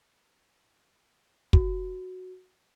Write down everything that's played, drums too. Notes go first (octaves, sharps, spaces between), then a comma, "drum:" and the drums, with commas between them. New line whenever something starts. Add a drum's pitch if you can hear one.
F#4, drum: kick